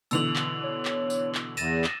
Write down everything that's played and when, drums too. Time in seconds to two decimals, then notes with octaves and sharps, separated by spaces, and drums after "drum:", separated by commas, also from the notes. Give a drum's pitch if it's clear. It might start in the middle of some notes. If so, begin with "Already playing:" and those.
0.11 B2 D3 E3 E6 F7 F#7, drum: tambourine
0.36 drum: clap
0.64 C#5
0.85 drum: clap
1.10 drum: tambourine
1.35 drum: clap
1.57 E2 A6 A#6 D#7 E7, drum: tambourine
1.84 drum: clap